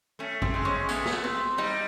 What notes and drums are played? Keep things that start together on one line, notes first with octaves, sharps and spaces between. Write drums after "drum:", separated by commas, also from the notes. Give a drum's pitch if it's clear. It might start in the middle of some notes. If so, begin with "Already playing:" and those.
A3 C#4
C4, drum: kick A1
G#3
C#4
A3 B3, drum: tambourine
drum: snare
C4
G3 D#4